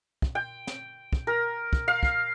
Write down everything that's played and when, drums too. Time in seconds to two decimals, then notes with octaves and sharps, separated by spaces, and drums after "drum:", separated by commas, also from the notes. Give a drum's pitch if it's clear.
0.22 drum: kick
0.35 G5
0.67 drum: snare
1.13 drum: kick
1.27 A#4
1.73 drum: kick
1.88 F5
2.03 drum: kick